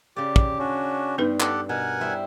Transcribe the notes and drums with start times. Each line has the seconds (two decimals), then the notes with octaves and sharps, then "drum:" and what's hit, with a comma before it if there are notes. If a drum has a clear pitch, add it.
0.16 C#3 G4 D5
0.36 drum: kick
0.59 C#4 D4 F#4
1.18 G2 B3 D#4 B4
1.40 G4 A4 F#5, drum: clap
1.69 B2 A#4 F#5 G#5
2.00 G3 E4 C5